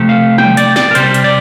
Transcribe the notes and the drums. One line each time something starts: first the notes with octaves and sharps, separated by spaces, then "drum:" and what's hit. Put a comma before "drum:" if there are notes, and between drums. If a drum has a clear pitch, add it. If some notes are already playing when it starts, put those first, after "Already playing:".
Already playing: C3 F3 A3
F5
G5, drum: tom
D5, drum: hi-hat
D5, drum: snare
A#4
C3 G3 C5, drum: hi-hat
drum: hi-hat
D5